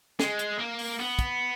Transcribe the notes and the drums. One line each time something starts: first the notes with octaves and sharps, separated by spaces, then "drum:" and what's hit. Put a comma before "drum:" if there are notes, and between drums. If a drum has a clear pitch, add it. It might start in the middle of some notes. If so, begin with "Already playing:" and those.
G#3, drum: snare
drum: hi-hat
A#3
drum: open hi-hat
B3
drum: kick, hi-hat